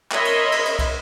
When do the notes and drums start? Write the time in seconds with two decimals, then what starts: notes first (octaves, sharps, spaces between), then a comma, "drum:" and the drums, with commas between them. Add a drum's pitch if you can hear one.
0.12 A#4 C#5 D#5 E5 B5 C6, drum: clap
0.25 drum: cymbal
0.52 drum: cymbal
0.65 drum: cymbal
0.79 drum: kick, cymbal